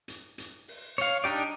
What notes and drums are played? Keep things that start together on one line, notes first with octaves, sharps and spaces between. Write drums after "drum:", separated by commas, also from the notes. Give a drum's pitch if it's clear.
drum: hi-hat
drum: hi-hat
drum: open hi-hat
C#5 F5, drum: hi-hat
D4 D#4 G4 D5